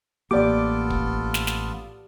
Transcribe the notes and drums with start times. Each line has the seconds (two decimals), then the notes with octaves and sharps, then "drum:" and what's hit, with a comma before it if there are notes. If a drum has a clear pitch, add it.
0.31 A1 A#3 B3 F4 G4 A4 D5 D6
0.90 drum: kick
1.34 drum: snare
1.47 drum: snare